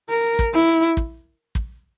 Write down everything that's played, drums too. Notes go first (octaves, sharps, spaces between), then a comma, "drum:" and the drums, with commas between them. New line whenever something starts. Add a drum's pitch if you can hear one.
A#4
drum: kick
E4
drum: kick
drum: kick